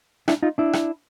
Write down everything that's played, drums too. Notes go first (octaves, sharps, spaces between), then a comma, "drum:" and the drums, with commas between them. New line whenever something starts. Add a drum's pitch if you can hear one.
D4 E4, drum: rim click
D#4 F4
D4 E4
drum: rim click